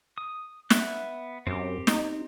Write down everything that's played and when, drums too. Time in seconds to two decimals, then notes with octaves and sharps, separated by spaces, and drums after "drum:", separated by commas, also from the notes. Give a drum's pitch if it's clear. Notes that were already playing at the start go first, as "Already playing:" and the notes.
0.18 D#6
0.70 B3 E5 F#6, drum: snare
1.47 F#2 C4 G4
1.87 D#4, drum: snare